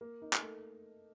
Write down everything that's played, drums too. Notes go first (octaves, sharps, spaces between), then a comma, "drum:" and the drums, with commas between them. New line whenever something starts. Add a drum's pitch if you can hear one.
A#3
D#4
drum: clap
A3